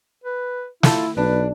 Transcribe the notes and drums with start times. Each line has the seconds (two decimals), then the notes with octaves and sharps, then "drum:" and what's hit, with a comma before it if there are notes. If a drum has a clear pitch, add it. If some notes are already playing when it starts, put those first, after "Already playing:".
0.24 B4
0.83 E4 F4 A4, drum: snare
1.17 B1 D4 B4